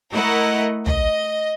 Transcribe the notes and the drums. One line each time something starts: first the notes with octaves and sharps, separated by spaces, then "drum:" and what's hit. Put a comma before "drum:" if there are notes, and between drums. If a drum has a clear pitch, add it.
A3 E4 A#4 D#5 F#5
D#5, drum: tom